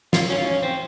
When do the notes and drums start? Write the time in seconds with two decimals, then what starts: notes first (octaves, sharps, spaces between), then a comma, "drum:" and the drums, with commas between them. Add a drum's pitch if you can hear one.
0.13 F4, drum: snare
0.30 C#4
0.37 F4
0.45 C#4
0.63 C4